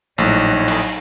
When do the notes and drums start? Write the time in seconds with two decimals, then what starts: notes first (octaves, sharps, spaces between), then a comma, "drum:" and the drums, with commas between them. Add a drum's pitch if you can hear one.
0.18 A#1 A2 F#3 D#4
0.68 drum: cymbal